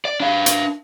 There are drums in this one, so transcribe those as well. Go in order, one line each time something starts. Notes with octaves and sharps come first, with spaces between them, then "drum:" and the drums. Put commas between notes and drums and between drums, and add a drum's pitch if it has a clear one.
D5
D4 F5
drum: hi-hat